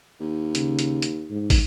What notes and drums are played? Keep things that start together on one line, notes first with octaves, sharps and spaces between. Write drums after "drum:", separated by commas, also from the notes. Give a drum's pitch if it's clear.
D#2
C#3, drum: hi-hat
drum: hi-hat
drum: hi-hat
G#2
drum: kick, open hi-hat